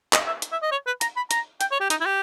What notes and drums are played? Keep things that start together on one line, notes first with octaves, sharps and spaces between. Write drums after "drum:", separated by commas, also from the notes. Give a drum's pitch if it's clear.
D#5, drum: clap
E5
drum: hi-hat
E5
D#5
C#5
B4
A#5, drum: hi-hat
B5
A#5, drum: hi-hat
G5, drum: hi-hat
C#5
G4
D#4, drum: hi-hat
E4
G4